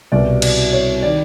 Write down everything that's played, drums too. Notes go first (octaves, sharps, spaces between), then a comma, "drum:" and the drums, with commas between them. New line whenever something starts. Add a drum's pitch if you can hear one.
C2 B2 D5
D5, drum: cymbal
C#5
D#3 D5